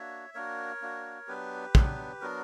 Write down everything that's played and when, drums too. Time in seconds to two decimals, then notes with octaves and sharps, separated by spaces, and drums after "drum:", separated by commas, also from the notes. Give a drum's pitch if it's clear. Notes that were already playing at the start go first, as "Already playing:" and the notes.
Already playing: A#3 D4 F#4 C#5 E5
0.34 A#3 D4 F#4 A#4 C#5
0.82 A#3 D4 F#4
1.27 F#3 B3 D4 G4 B4
1.75 F#3 B3 D4, drum: kick
2.21 F#3 B3 D4 F#4 A#4